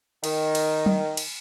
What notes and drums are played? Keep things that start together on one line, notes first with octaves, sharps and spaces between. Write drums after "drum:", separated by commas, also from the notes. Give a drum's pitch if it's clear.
D#3, drum: cymbal
drum: cymbal
drum: tom F#3
drum: cymbal